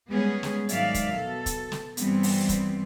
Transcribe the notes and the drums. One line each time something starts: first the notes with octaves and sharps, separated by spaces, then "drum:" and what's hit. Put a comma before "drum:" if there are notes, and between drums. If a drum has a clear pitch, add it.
G3 G#3 B3 C#4 G#4
drum: snare
G#2 D#3 F#3 D5 E5 F5, drum: hi-hat
drum: kick, hi-hat
B2 A4
drum: kick, hi-hat
drum: snare
G2 E3 G3 B3 C4, drum: hi-hat
drum: open hi-hat
drum: kick, hi-hat